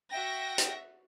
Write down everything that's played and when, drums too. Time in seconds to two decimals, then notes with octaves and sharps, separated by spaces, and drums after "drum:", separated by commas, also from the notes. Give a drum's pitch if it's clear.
0.11 F#4 E5 G5 A#6
0.58 drum: hi-hat